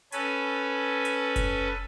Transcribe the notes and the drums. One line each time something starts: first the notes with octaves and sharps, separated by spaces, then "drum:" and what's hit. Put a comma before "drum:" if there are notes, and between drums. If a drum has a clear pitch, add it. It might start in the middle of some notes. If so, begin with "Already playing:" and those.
C#4 A4 B4 G#5, drum: hi-hat
drum: hi-hat
drum: kick F#1, hi-hat